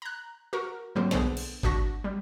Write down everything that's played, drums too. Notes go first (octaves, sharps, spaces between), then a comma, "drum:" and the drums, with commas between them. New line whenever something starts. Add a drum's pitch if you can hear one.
A#5 F#6
F#4 A#4
G#2 D3 F#3 A#3 C4
B1 D3 B3 G#4 C5, drum: snare
drum: cymbal
G#1 D4 F#4 C#6 A#6, drum: kick F#1
G3